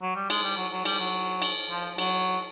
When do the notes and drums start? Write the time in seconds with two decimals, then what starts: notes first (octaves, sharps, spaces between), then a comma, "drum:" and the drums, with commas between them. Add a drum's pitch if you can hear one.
0.02 F#3
0.15 G3
0.30 G#3, drum: cymbal
0.43 G3
0.57 F#3
0.72 F#3
0.85 G3, drum: cymbal
1.00 F#3
1.42 drum: cymbal
1.69 F3
1.98 F#3, drum: cymbal